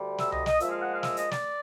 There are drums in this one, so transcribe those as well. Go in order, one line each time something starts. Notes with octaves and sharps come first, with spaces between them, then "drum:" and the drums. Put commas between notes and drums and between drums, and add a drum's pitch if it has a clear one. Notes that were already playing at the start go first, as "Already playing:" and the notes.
Already playing: D2 D3 G3
E5, drum: snare
D#5, drum: tom C2
D#5, drum: snare
A#2 F3 G#3 E5, drum: hi-hat
F5
F#5
F5
E5, drum: snare
D#5, drum: hi-hat
D5, drum: snare